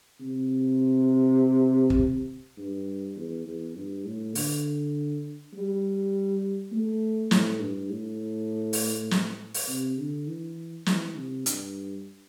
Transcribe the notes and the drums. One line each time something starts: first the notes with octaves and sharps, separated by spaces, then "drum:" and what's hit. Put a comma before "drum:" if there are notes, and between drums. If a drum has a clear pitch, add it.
C3
drum: kick
G2
E2
E2
G2
A2
D3, drum: open hi-hat
G3
A3
A2, drum: snare
G2
A2
drum: open hi-hat
drum: snare
drum: open hi-hat
C3
D3
E3
E3, drum: snare
C3
G2, drum: hi-hat